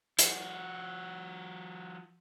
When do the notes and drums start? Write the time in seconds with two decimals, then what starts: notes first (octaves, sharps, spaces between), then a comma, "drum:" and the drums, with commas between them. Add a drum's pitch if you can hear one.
0.19 F3 F#4, drum: hi-hat